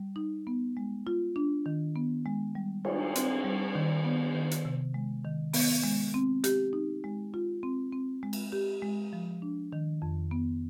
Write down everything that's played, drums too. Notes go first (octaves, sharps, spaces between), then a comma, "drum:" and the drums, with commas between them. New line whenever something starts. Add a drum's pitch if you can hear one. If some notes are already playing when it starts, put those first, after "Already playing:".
Already playing: G3
D#4
B3
G#3
F4
D4
D#3
B3
G#3
G3
F4, drum: cymbal
C4, drum: hi-hat
G3
D#3
B3
D#3
drum: hi-hat
C3
G#3
D#3
B3, drum: open hi-hat
G#3
C4
G4, drum: hi-hat
D#4
G#3
F4
C4
C4
G#3
drum: cymbal
G4
G#3
F3
D4
D#3
F2
B3